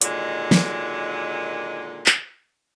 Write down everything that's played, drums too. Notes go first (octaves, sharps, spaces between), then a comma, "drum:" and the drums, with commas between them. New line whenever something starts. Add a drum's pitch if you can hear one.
A#2 D3 D#3 F#3 G#3, drum: hi-hat
drum: snare
drum: clap